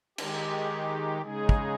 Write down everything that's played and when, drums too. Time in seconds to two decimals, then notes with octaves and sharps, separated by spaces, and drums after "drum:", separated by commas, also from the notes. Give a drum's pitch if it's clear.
0.18 D#3 G#3 D#4 G4, drum: cymbal
1.22 C#3 G#3 D#4 G#4
1.49 drum: kick